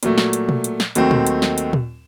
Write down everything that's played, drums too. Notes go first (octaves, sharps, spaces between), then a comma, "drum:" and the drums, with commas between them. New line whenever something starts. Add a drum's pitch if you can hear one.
A#2 F#3 A3, drum: hi-hat
drum: snare
drum: hi-hat
drum: tom B2
drum: hi-hat
drum: snare
D#2 D#3 F#3 A3 C4, drum: hi-hat
drum: tom A#2
drum: hi-hat
drum: snare
drum: hi-hat
drum: tom A#2